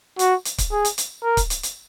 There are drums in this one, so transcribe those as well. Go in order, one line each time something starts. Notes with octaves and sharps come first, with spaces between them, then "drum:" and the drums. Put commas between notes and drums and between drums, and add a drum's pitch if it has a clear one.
F#4, drum: hi-hat
drum: hi-hat
drum: kick C#1, hi-hat
G#4
drum: hi-hat
drum: hi-hat
A#4
drum: kick C#1, hi-hat
drum: hi-hat
drum: hi-hat